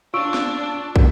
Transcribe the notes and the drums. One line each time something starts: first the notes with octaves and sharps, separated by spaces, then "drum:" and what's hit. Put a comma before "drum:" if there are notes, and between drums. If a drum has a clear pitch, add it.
D4 F4 C#6 E6 D7
drum: snare
drum: kick